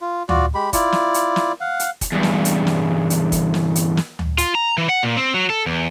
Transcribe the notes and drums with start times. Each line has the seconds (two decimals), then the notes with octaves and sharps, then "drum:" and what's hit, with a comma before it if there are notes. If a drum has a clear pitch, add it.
0.01 F4
0.29 F4 F#4 D5, drum: tom D2
0.55 G#3 G4 B5
0.73 E4 F4 D5, drum: kick, hi-hat
0.92 drum: snare
1.14 drum: hi-hat
1.36 drum: snare
1.61 F5 F#5
1.80 drum: hi-hat
2.01 drum: kick, hi-hat
2.13 E2 G2
2.23 drum: snare
2.45 drum: hi-hat
2.67 drum: snare
3.10 drum: hi-hat
3.32 drum: kick, hi-hat
3.54 drum: snare
3.75 drum: hi-hat
3.97 drum: snare
4.19 drum: tom D2
4.38 F4, drum: hi-hat
4.55 A#5
4.78 E3
4.89 F#5
5.03 A#2
5.17 C4
5.34 F#3
5.50 A4
5.66 E2